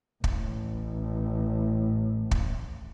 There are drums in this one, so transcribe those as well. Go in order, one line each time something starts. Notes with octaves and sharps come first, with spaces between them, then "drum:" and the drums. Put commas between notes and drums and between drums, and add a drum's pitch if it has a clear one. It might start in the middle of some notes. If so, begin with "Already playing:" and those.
A1 A2, drum: kick
drum: kick